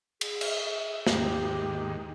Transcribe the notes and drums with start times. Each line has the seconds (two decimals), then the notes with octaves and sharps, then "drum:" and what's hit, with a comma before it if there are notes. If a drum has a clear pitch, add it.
0.21 G#4, drum: cymbal
0.41 drum: cymbal
1.07 D#2 G#2 G4, drum: snare